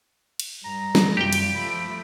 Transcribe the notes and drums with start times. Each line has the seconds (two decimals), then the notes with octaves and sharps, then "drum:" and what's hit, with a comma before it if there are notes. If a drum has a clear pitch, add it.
0.40 drum: cymbal
0.64 G2 A#5
0.95 drum: snare
1.17 F#2 C3 G3 F4 G4 G5 D7
1.33 drum: cymbal
1.55 F3 A3 B5